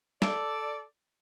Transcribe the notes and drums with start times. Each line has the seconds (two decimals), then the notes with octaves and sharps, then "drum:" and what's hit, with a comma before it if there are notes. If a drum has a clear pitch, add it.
0.22 A4 D5, drum: snare